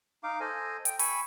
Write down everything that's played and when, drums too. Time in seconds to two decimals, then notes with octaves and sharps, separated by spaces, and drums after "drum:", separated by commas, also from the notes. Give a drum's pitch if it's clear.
0.23 D#4 F5 D6
0.40 A4 C5 D#5 G#5
0.85 G5, drum: hi-hat
0.99 G#5 B5 C#6 E6, drum: open hi-hat